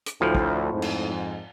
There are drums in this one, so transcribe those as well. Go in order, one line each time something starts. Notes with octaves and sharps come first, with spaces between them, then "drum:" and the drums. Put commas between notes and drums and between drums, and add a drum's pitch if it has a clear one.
drum: hi-hat
D2 A2 F3
drum: kick
F2 G#2
drum: cymbal